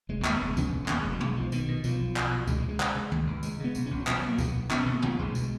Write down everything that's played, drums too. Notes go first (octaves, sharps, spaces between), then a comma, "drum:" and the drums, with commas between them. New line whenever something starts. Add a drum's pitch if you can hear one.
F1 G#3
D#2 G#3, drum: clap
F1 B3
G#3
C#3 B3, drum: kick, tambourine
F1
D#2 A#3, drum: clap
G#3
F1
F#3
B1 G#3, drum: tom
B1 F3
B2 D#3, drum: tambourine
B2
B1 F3, drum: tambourine
B1
B2, drum: clap
B2
C#2 G#3, drum: kick, tambourine
G#3
C#2
G#3
C#3, drum: clap
C#3
C#2, drum: tom
C#2
C#3 G#3, drum: tambourine
C#3 B3
B1, drum: tambourine
B1 C#4
F#3
B2 F3, drum: clap
F#3
B2
A#3
B1 B3, drum: kick, tambourine
B1
B2 C#4, drum: clap
B2 B3
A#3
B1 F3, drum: tom
B1 G#3
B2, drum: tambourine